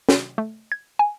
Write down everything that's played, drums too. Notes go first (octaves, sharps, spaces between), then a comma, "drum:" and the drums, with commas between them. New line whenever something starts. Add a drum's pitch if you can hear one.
F#4, drum: snare
A3
G#6
G#5